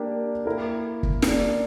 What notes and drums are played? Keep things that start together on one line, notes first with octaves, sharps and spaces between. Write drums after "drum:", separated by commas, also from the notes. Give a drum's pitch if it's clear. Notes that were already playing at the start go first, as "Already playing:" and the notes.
Already playing: A#3 D4 G4 A#4 D5
A#3 E4 A#4
drum: kick
A#3 D4 A#4 D5, drum: snare